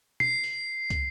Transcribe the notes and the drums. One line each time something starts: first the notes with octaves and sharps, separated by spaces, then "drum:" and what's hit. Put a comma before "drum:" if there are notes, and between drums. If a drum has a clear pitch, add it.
C7, drum: tom
drum: open hi-hat
drum: kick, hi-hat